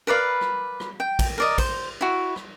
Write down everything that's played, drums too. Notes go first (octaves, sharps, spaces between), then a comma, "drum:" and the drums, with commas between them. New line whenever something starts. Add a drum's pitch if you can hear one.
A#4 B4 D5 F5
drum: rim click
drum: rim click
G5
drum: kick, cymbal
A#4 D5 D#5
C5, drum: kick, cymbal
E4 F#4
drum: rim click